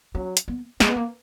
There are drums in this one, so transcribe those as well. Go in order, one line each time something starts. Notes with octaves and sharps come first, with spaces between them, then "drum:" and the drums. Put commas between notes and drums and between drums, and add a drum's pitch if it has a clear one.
F#3 C#4
drum: hi-hat
B3
G#3 A#3, drum: snare
B3
A#3